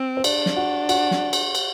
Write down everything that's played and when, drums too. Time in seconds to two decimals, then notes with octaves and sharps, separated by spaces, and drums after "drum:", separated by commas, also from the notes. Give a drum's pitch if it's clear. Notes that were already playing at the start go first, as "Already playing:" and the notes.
Already playing: C4
0.17 C5
0.24 D4 D5, drum: cymbal
0.46 drum: snare
0.56 F#4
0.89 F#4, drum: cymbal
1.11 drum: snare
1.33 drum: cymbal
1.55 drum: cymbal